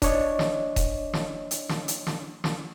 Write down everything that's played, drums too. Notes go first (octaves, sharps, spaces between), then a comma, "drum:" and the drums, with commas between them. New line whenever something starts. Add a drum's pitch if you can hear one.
D4 C#5 D#5, drum: kick D#1, hi-hat
drum: snare
drum: kick D#1, hi-hat
drum: snare
drum: hi-hat
drum: snare
drum: hi-hat
drum: snare
drum: snare